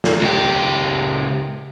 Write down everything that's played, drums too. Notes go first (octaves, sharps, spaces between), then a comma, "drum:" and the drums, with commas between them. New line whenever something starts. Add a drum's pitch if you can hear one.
drum: snare
C#2 G4